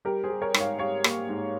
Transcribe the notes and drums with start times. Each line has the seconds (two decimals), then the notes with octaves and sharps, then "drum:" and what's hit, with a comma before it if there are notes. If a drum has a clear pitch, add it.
0.05 G3 G4 A#4
0.24 G#4 C5
0.30 G3
0.42 A#4 C#5
0.54 G#2, drum: rim click
0.61 C#5 F5
0.79 G3 C#5 F5
1.04 A#3, drum: rim click
1.29 G#2